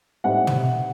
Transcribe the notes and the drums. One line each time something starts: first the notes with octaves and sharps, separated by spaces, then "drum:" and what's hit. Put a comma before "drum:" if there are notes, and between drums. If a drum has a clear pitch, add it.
A2 G3 C4 D#4 F#5
drum: tom